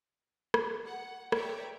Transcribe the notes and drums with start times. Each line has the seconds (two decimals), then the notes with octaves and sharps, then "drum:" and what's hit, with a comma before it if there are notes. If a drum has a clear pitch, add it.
0.54 drum: rim click
0.85 F#5
1.32 B4 C#5 D5 E5 G5 A#5, drum: rim click